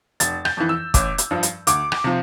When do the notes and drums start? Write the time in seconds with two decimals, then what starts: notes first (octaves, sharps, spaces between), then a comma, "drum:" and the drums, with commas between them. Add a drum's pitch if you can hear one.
0.20 F1 A6, drum: hi-hat
0.45 G6, drum: rim click
0.57 F2 E3
0.69 E6
0.94 A1 D6, drum: kick, hi-hat
1.18 drum: hi-hat
1.31 G2 F3
1.43 drum: hi-hat
1.67 D2 D6, drum: hi-hat
1.92 drum: rim click
2.04 C3 F3